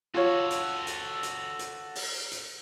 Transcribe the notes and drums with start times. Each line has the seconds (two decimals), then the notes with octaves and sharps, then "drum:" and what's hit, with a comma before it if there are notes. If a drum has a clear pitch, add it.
0.14 F4 F#4 A4 C#5
0.51 drum: hi-hat
0.87 drum: hi-hat
1.23 drum: hi-hat
1.59 drum: hi-hat
1.95 drum: open hi-hat
2.32 drum: hi-hat